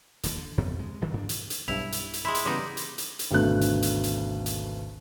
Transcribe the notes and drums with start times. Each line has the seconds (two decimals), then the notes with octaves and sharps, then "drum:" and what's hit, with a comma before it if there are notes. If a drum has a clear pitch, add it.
0.23 E1 D#2 D3, drum: hi-hat
0.38 D3
0.58 F2 C3 B3
0.79 G#3
1.01 D1 C2 G2 D#3
1.14 G2 D4
1.29 drum: hi-hat
1.50 drum: hi-hat
1.68 B1 G2 E4 F7
1.92 drum: hi-hat
2.14 drum: hi-hat
2.25 G#3 E4 B5 C6
2.35 drum: hi-hat
2.46 C#3 E3 G3 B3 D#4
2.77 drum: hi-hat
2.98 drum: hi-hat
3.19 drum: hi-hat
3.31 G#1 D2 B2 A3 D4 F#6
3.61 drum: hi-hat
3.82 drum: hi-hat
4.04 drum: hi-hat
4.46 drum: hi-hat